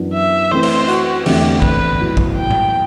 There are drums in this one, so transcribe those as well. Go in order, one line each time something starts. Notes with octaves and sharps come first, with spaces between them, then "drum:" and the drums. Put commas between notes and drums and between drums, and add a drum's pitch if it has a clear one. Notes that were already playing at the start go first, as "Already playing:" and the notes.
Already playing: F#2 E3 B3 D4
E5
E3 A3 C4 E4 B4 C5
drum: cymbal
F#4, drum: hi-hat
E2 D3 A3 C4 E4 G4, drum: cymbal
B4, drum: kick
A2 F#3 B3 E4
drum: kick
G5
drum: tom A2